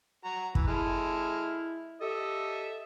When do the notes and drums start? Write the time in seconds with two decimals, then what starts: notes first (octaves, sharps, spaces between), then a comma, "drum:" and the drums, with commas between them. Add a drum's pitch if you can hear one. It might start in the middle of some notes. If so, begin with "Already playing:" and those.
0.24 F#4 A#5
0.55 E3, drum: kick
0.68 G#3 E4 A4 F6
2.01 G4 A4 D#5 E5